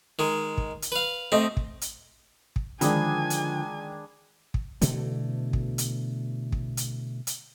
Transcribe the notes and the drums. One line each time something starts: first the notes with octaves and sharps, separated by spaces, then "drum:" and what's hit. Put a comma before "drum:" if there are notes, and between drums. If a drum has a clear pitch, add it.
D#3 G#3
drum: kick
drum: hi-hat
B4 F5
A3 C4 D#5
drum: kick
drum: hi-hat
drum: kick
D3 D#3 F3 G#3 D4 G#4 G#5 B5, drum: hi-hat
drum: hi-hat
drum: kick
B2 D3 E3 A3, drum: hi-hat
drum: kick
drum: hi-hat
drum: kick
drum: hi-hat
drum: hi-hat